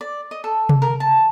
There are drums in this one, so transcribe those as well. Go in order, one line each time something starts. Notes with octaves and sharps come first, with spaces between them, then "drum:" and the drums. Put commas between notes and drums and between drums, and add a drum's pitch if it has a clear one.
D5
D#5
A4
drum: tom C3
A#4
A5